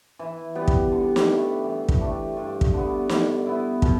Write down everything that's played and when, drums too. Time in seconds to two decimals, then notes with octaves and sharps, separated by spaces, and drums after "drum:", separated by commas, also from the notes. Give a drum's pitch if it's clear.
0.19 E3
0.55 G3 B3 G4
0.68 drum: kick
0.92 D3
1.16 drum: snare
1.28 A3 G4 B4
1.64 E3
1.88 drum: kick
2.01 A3 D4 G4
2.37 G2
2.61 drum: kick
2.74 D3 B3
3.09 D3, drum: snare
3.46 B3 E4
3.82 B2, drum: kick